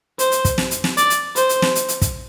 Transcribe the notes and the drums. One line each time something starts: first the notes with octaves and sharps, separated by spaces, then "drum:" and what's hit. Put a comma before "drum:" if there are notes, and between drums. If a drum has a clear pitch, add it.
C5, drum: hi-hat
drum: hi-hat
drum: kick, hi-hat
drum: snare
drum: hi-hat
drum: snare
D5, drum: hi-hat
drum: hi-hat
C5, drum: hi-hat
drum: hi-hat
drum: snare
drum: hi-hat
drum: hi-hat
drum: kick, hi-hat